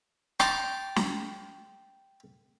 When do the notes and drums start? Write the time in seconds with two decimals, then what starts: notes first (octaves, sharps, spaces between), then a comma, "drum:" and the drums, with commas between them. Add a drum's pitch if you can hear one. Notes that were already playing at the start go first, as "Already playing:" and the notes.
0.40 G5 A5 A#5 C6 D6, drum: rim click
0.96 drum: snare